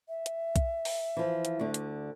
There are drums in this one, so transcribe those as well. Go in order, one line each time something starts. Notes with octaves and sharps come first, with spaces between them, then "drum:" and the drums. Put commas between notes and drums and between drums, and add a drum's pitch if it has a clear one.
E5
drum: hi-hat
drum: kick B1, hi-hat
drum: open hi-hat
E3 F3
drum: hi-hat
D2 D3
drum: hi-hat